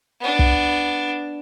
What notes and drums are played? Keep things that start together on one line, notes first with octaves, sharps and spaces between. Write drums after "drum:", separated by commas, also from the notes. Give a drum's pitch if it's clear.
B3 D4
drum: kick